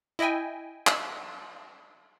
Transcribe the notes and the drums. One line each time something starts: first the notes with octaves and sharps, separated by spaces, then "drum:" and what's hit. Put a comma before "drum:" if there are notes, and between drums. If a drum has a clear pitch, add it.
E4 D#5 E5 G5 G#5
drum: clap